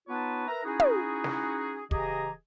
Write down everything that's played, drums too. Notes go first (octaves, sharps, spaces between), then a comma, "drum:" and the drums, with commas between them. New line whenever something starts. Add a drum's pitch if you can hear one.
B3 D#4 F4 B4 C#5 A5
A#4 B4 E5 A#5
C#4 D#4 E4 F#4 G#4
drum: tom
drum: snare
C#3 E3 G4 G#4 D#5 A#5, drum: kick